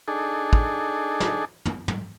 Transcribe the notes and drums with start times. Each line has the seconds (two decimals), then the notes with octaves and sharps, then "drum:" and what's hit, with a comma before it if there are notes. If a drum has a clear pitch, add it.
0.08 D4 D#4 G#4 A4
0.53 drum: kick
1.20 drum: snare
1.65 drum: tom
1.88 drum: tom